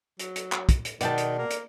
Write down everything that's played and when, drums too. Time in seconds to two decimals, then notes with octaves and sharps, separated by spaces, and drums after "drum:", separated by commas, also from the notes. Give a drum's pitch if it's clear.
0.19 F#3, drum: hi-hat
0.36 drum: hi-hat
0.52 drum: clap
0.69 drum: kick, hi-hat
0.85 drum: hi-hat
1.01 B2 D#3 G#3 B3 D5 G5 A5, drum: hi-hat
1.18 drum: hi-hat
1.38 A#3
1.51 drum: hi-hat